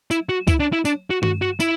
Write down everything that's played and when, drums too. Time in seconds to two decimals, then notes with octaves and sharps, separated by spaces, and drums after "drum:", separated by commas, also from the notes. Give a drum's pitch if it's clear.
0.11 E4, drum: tambourine
0.29 F#4
0.48 E4, drum: kick C#2, tambourine
0.60 D4
0.73 E4
0.85 D4, drum: tambourine
1.10 F#4
1.23 F#4, drum: tom G2
1.42 F#4
1.60 E4, drum: tambourine